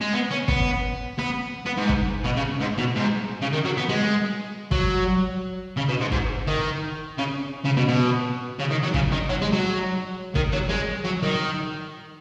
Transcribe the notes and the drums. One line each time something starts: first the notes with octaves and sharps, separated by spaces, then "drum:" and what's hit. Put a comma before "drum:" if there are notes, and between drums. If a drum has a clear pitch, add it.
G#3
B3
C#4
B3, drum: kick
B3
B3
G#2
drum: kick
B2
C#3
G#2
B2
G#2
C#3
D#3
F#3
B3
G#3
F#3, drum: kick
C#3
B2
G#2
G#2, drum: kick
D#3
C#3
C#3
B2
B2
C#3
D#3
F#3
C#3, drum: kick
D#3
F#3
G#3
F#3
D#3, drum: kick
F#3
G#3
F#3
D#3